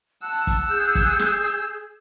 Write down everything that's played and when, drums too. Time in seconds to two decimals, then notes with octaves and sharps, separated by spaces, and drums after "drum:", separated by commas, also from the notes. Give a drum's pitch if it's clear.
0.23 F#5 A5 E6
0.47 drum: kick, hi-hat
0.69 G#4 G6
0.95 drum: kick, hi-hat
1.19 drum: snare
1.43 drum: hi-hat